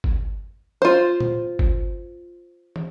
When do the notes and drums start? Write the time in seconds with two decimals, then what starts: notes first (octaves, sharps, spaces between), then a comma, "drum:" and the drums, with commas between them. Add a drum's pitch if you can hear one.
0.04 drum: kick G1
0.82 F4 C5
1.20 drum: tom A#2
1.59 drum: kick G1
2.76 drum: tom